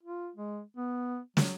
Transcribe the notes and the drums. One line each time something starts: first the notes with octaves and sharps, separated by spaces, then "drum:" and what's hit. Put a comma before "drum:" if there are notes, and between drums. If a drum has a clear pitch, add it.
F4
G#3
B3
F#3, drum: snare